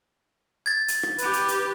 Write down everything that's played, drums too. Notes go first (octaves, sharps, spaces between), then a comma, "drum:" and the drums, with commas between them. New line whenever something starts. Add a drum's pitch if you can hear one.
G#6 A6
drum: hi-hat
drum: rim click
G4 B4, drum: hi-hat
drum: hi-hat
drum: hi-hat